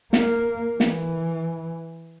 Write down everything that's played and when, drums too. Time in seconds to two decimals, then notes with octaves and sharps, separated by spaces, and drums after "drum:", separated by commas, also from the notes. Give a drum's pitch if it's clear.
0.13 A#3, drum: snare
0.80 E3, drum: snare